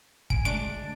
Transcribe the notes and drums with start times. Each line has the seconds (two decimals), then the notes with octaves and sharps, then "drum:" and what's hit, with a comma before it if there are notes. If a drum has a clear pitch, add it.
0.30 G#5 D7, drum: kick
0.45 D3 G#3 A3 D4 D7